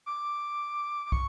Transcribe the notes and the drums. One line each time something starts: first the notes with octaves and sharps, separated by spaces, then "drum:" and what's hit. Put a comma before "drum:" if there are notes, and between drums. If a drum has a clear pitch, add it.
D6
D6
C#6, drum: kick